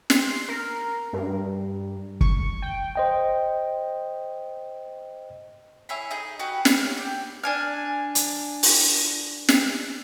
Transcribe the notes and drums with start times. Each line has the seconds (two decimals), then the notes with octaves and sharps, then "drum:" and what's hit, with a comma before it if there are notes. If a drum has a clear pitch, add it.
0.10 C6, drum: snare
0.48 A#4
1.13 G2
2.21 C#6, drum: kick
2.62 G5
2.96 C5 D#5 G5
5.89 E4 G#4 C#5 B5
6.11 D#4 G#4
6.39 F#4 G4 B4 D#6
6.65 C#5 F#5 F6, drum: snare
6.97 G4
7.44 D4 G#5 F6
8.15 drum: hi-hat
8.63 drum: open hi-hat
9.49 drum: snare